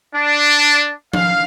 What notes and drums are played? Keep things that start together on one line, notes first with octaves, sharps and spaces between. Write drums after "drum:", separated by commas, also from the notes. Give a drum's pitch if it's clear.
D4
F5, drum: tom F3